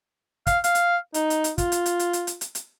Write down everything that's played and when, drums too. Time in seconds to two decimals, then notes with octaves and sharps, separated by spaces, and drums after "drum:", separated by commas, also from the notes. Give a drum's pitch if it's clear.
0.47 F5, drum: kick, hi-hat
0.64 F5, drum: hi-hat
0.75 drum: hi-hat
1.14 D#4, drum: hi-hat
1.30 drum: hi-hat
1.44 drum: hi-hat
1.58 F4, drum: kick, hi-hat
1.72 drum: hi-hat
1.86 drum: hi-hat
1.99 drum: hi-hat
2.13 drum: hi-hat
2.27 drum: hi-hat
2.41 drum: hi-hat
2.55 drum: hi-hat